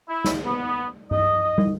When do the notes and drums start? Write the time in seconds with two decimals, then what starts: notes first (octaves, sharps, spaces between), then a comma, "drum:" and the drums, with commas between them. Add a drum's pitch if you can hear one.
0.09 E4
0.24 drum: snare
0.45 B3
1.11 D#5, drum: tom G2
1.58 drum: tom